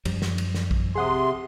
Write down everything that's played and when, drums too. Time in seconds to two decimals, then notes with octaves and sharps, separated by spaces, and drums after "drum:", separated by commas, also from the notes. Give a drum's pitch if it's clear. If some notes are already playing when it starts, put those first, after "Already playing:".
0.05 F#2 F3 G3, drum: cymbal
0.22 drum: snare
0.38 drum: cymbal
0.55 drum: snare
0.71 drum: kick
0.95 C3 G#4 F#5 C6 D#6